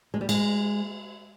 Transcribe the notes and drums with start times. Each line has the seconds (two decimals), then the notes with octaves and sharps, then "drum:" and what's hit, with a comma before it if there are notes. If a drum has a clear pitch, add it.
0.14 G#3
0.21 G3
0.29 G#3, drum: cymbal